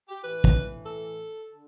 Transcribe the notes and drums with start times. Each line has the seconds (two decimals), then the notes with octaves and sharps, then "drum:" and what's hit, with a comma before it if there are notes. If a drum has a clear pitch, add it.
0.08 G4
0.23 A2 E3 B4
0.44 drum: kick
0.86 A4
1.48 D3